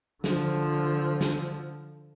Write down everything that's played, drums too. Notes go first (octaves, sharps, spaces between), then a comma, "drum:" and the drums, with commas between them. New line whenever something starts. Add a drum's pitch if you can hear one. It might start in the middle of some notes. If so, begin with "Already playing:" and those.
D3 F3, drum: snare
drum: snare